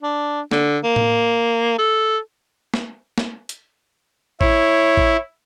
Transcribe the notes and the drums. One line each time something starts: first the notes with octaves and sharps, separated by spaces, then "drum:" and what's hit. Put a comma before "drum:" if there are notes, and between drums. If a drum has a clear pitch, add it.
D4
D3, drum: snare
A#3
drum: tom A2
A4
drum: snare
drum: snare
drum: hi-hat
E4 C#5, drum: kick A1
drum: kick A1